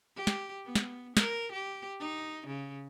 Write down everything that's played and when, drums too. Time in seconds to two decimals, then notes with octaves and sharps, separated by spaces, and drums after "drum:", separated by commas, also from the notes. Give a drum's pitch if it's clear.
0.16 G4
0.27 drum: snare
0.65 B3
0.75 drum: snare
1.17 A#4, drum: snare
1.52 G4
2.00 D#4
2.47 C#3